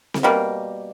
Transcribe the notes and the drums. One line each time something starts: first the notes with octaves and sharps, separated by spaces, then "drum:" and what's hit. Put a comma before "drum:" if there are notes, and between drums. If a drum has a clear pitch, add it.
drum: snare C4
B2 G3 A#3